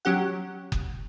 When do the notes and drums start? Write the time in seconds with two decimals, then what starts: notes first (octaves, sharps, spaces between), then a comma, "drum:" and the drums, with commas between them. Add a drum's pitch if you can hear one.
0.05 F#3 C#4 G4 F#5
0.72 drum: kick F#1